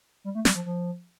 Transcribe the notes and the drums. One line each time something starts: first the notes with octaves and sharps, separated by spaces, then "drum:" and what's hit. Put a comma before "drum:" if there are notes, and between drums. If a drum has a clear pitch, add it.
G3
A3
G3, drum: snare
F3
F3